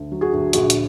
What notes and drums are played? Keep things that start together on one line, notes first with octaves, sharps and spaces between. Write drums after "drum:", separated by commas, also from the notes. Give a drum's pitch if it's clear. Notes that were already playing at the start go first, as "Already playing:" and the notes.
Already playing: D2
F#3
F#4 G#4
D2
A#1 F#4 G#4, drum: hi-hat
drum: hi-hat